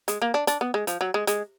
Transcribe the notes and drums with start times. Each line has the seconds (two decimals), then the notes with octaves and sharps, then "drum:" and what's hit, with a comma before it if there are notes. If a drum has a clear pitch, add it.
0.08 G#3, drum: hi-hat
0.22 A#3
0.34 D4
0.47 D4, drum: hi-hat
0.61 B3
0.74 G#3
0.87 F3, drum: hi-hat
1.01 F#3
1.14 G#3
1.27 G#3, drum: hi-hat